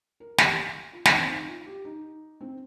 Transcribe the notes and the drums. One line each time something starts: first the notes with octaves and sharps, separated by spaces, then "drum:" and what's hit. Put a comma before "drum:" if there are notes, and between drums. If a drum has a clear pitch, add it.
A#4
G4, drum: snare
F4
D#4, drum: snare
C4
D#4
F4
G4
D#4
C4